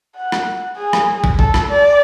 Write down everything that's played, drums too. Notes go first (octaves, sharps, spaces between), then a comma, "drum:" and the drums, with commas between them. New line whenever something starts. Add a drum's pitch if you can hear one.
F#5
drum: rim click
G#4
drum: rim click
drum: kick
A4, drum: kick
drum: rim click
D5